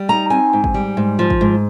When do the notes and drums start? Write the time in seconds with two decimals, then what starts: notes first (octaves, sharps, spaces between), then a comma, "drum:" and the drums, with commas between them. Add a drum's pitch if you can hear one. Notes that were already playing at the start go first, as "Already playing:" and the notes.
Already playing: G3
0.09 D#4 A#5
0.30 C4 G#5
0.53 G#2
0.64 drum: kick
0.74 G3
0.97 G#2
1.19 F3
1.30 drum: kick
1.41 G#2